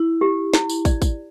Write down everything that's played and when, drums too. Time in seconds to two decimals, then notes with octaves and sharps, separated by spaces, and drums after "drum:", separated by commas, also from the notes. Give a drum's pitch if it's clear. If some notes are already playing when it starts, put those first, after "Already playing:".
Already playing: E4
0.21 G4
0.54 E4, drum: snare
0.69 drum: tambourine
0.85 D5, drum: kick, tambourine
1.02 drum: kick, tambourine